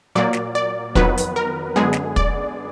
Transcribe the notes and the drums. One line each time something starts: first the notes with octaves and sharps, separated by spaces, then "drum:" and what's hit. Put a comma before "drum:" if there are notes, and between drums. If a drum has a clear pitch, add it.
A#2 F#3 A#3 D5
drum: snare
D5
F2 D#3 F#3 B3 B4, drum: kick
drum: hi-hat
A#4
F#2 D3 G#3 B3 G#4
drum: snare
D5, drum: kick